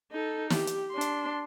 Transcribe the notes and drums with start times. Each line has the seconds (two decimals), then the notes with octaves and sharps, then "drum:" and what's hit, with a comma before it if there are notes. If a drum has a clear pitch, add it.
0.12 D#4 A4
0.50 G4, drum: snare
0.67 drum: hi-hat
0.91 D4 C6
1.01 drum: hi-hat